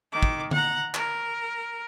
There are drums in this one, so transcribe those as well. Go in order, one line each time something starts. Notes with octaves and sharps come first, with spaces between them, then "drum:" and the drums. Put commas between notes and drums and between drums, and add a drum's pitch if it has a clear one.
D#3 D6
drum: kick
F#5 A#5, drum: tom D3
A#4, drum: clap